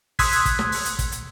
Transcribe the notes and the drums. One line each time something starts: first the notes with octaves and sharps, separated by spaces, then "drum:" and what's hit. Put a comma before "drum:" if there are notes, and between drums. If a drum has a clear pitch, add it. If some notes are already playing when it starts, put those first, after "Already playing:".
C6 D#6 E6 F#6 G#6 B6, drum: kick, open hi-hat
drum: hi-hat
drum: kick, hi-hat
drum: snare
drum: open hi-hat
drum: hi-hat
drum: kick, hi-hat
drum: hi-hat